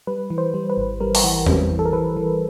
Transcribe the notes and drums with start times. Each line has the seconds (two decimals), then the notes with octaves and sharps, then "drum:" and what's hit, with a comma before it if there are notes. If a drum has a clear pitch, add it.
0.07 G3 B4
0.30 E3
0.38 C5
0.54 G3
0.70 B4
0.77 G#1
1.00 G3 A#4
1.15 drum: open hi-hat
1.24 E3
1.46 G3, drum: tom E2
1.70 E3
1.79 A4
1.86 A#4
1.93 E3 B4
2.17 E3